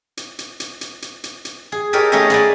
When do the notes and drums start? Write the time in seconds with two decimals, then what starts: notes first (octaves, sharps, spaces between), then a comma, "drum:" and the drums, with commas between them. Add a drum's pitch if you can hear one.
0.17 drum: hi-hat
0.39 drum: hi-hat
0.60 drum: hi-hat
0.81 drum: hi-hat
1.02 drum: hi-hat
1.24 drum: hi-hat
1.45 drum: hi-hat
1.72 G#4
1.93 G4 A4 A#4 C#5 D#5
2.12 A3 C#4 D#4 G#4 C#5 D#5
2.30 B3 G#4 D5, drum: hi-hat